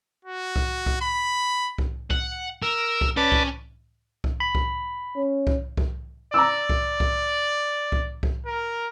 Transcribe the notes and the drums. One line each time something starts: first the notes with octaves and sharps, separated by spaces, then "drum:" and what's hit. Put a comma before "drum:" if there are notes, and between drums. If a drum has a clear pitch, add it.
F#4
drum: kick C2
drum: kick C2
B5
drum: kick C2
F#5, drum: kick C2
A#4 E6
drum: kick C2
C#4 B4 D5 A5
drum: kick C2
drum: kick C2
B5
drum: kick C2
C#4
drum: kick C2
drum: kick C2
D5 A#5 D6 E6
drum: kick C2
drum: kick C2
drum: kick C2
drum: kick C2
A#4